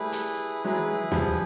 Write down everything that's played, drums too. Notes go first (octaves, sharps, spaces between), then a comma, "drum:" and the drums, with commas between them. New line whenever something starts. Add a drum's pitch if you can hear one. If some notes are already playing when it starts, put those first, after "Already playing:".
Already playing: G3 A3 E4 G#4 B4
drum: hi-hat
F#3 G#3 E4 G#4 B4
F3 G3, drum: tom D#2